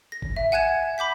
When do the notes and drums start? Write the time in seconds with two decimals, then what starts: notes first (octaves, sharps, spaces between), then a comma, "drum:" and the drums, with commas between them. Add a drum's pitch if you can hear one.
0.12 A#6
0.22 drum: kick
0.36 E5
0.52 F#5 G#5 F#6 G#6 E7
0.98 B5 D6 G6 B6